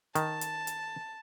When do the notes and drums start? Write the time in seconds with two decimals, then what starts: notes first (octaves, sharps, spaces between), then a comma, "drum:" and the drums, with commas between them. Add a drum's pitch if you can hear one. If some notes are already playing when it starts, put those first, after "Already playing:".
0.15 D#3 A5, drum: hi-hat
0.41 drum: hi-hat
0.67 drum: hi-hat